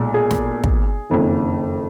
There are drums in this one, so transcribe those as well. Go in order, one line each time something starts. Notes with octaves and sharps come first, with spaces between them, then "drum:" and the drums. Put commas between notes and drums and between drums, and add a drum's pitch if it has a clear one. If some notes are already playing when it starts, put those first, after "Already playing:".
Already playing: B1 A#2 G#3
G#4
drum: snare
drum: kick
F#1 F2 D#3